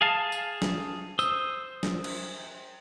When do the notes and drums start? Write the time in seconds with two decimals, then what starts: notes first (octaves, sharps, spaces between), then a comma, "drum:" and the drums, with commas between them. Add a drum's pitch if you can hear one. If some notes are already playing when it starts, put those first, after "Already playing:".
0.01 G#4 F5 A5
0.32 drum: tambourine
0.62 drum: snare
1.19 C5 D#6 E6, drum: tambourine
1.83 drum: snare
2.04 drum: cymbal